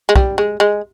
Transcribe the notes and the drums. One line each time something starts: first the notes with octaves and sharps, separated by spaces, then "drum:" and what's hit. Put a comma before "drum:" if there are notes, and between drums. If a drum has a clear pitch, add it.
G#3
G3, drum: kick
G#3
G#3